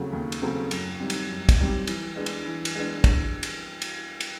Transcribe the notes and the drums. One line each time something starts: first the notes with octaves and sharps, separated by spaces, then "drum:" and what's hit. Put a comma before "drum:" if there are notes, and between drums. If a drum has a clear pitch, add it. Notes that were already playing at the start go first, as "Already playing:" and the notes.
Already playing: D#2 C#3 F#3 A3 C4
D#2
drum: cymbal
C#3 F#3 A3 C4
F#2, drum: cymbal
D#3 G3 C4
drum: cymbal
F#2
drum: kick, cymbal
D#3 G3 C4
E3, drum: cymbal
G#3 B3 D4
drum: cymbal
E3
drum: cymbal
G#3 B3 D4
drum: kick, cymbal
drum: cymbal
drum: cymbal
drum: cymbal